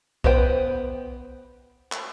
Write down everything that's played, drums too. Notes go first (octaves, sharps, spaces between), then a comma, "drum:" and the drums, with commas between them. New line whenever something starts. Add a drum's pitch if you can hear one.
B3 B4 C5 G5, drum: kick B1
drum: clap